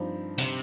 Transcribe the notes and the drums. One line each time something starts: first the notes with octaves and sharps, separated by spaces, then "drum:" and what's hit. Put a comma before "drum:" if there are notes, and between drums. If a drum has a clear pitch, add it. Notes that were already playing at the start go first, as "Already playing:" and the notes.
Already playing: G2 F3 C4 D#4
C3, drum: open hi-hat